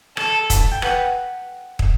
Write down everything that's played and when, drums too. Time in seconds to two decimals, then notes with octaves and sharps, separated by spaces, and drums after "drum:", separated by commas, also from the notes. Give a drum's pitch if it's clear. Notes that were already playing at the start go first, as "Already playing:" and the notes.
0.17 A4 A5, drum: rim click
0.50 A5, drum: kick, hi-hat
0.61 A5
0.71 G5
0.82 B4 F#5, drum: rim click
1.79 drum: kick